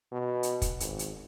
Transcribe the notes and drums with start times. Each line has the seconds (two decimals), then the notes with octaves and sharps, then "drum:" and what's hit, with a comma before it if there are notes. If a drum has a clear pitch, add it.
0.12 B2
0.43 drum: hi-hat
0.62 drum: kick, hi-hat
0.80 G#1, drum: hi-hat
0.99 drum: hi-hat